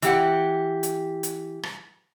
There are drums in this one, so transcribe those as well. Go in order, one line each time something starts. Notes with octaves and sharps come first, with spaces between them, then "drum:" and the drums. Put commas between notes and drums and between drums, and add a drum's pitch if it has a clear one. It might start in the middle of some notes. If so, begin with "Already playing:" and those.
E3 G4 F#5, drum: hi-hat
drum: hi-hat
drum: hi-hat
drum: rim click